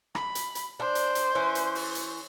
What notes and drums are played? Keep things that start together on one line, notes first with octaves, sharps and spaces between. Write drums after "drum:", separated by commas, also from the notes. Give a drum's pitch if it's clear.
B5, drum: rim click
drum: hi-hat
drum: hi-hat
D4 C5
drum: hi-hat
drum: hi-hat
E3 C#4
drum: hi-hat
drum: open hi-hat
drum: hi-hat